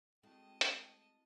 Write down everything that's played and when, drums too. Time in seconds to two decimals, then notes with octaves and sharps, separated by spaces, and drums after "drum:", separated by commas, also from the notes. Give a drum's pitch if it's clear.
0.23 G#3 A3 C4 E4 F#4 D#5 G5 A5
0.61 drum: hi-hat